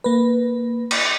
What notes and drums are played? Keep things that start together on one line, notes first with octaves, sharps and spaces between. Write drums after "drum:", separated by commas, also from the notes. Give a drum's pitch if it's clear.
A#3 B4
drum: cymbal